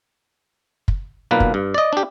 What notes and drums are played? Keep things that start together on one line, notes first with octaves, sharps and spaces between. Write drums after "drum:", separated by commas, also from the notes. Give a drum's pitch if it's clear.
drum: kick
B1 A#2 A#3 B4
drum: kick
G2
D5 D#5
D4 G4